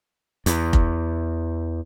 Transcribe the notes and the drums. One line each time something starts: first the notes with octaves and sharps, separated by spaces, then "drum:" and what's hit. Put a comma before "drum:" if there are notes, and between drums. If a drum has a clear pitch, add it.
E2, drum: hi-hat
drum: kick F1